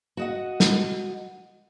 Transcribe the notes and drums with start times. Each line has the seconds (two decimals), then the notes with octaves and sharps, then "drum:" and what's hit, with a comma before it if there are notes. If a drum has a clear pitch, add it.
0.17 F#4 D#5 F#5
0.60 drum: snare